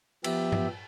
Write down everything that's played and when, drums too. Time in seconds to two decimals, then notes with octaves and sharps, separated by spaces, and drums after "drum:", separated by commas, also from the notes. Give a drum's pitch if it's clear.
0.24 F3 B3 G4 E5, drum: cymbal
0.52 drum: tom G2